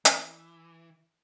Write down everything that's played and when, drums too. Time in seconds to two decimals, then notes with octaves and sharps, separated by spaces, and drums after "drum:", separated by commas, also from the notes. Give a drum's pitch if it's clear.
0.05 E3, drum: hi-hat